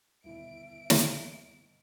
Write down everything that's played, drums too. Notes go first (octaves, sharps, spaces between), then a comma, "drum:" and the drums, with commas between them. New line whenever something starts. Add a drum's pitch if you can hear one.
G1 D#2 B2 E4 E5 D7
drum: snare